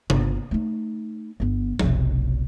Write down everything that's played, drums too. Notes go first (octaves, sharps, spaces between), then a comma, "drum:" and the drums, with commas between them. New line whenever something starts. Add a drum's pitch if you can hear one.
G1 F4, drum: tom C3
A3 D#4
G1 B3
F1 B1, drum: tom F3